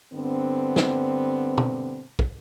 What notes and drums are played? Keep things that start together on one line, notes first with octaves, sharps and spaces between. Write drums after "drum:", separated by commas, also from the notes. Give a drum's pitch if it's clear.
G2 D3 B3 C4
drum: snare
drum: tom
drum: kick